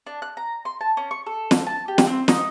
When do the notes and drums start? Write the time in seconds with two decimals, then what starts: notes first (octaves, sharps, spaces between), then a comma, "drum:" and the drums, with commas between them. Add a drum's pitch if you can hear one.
0.07 D4
0.22 F#6
0.37 A#5
0.65 C6
0.81 A5
0.97 C#4
1.11 C#6
1.26 A4
1.51 drum: snare
1.67 A5
1.88 G4
1.98 drum: snare
2.07 C4
2.28 D#4, drum: snare